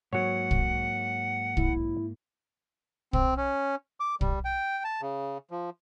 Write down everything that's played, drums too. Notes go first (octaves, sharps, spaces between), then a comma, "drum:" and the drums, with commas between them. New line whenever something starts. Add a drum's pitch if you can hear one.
G#2 F#3 A#3 C#5 F#5
drum: kick
E4, drum: kick
C4, drum: kick
C#4
D6
G3, drum: kick
G5
A5
C#3
F3